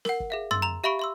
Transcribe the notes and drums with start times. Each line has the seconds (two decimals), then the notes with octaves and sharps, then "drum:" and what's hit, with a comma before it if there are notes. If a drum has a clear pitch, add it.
0.05 A#4 F#5, drum: snare
0.20 drum: kick
0.30 G#4 E5 F5
0.51 C6 E6 A6, drum: tom
0.62 A#5 F7
0.84 G4 E5 F5 B5 C#6 D7
0.99 E5 C6 E6